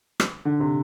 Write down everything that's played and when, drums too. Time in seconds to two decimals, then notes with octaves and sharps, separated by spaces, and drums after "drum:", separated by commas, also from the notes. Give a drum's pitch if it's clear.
0.20 drum: rim click
0.45 D3
0.60 C3